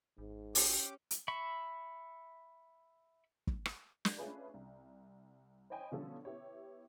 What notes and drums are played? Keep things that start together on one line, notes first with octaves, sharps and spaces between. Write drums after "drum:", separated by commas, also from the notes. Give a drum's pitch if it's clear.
G#1 G#2
C#4 G4 C6 D6, drum: open hi-hat
drum: hi-hat
E5 B5 C#6
drum: kick
drum: rim click
drum: snare
A3 C#4 D4 F4 G#4 B4
C2
C5 C#5 D#5 G5 G#5 B5
B2 D3 F3 G3 C#4 A4
B3 E4 G4 C#5